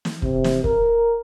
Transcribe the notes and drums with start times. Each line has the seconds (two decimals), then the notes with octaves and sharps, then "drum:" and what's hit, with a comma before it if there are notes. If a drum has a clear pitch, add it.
0.05 drum: snare
0.22 C3, drum: kick
0.44 drum: snare
0.64 A#4, drum: kick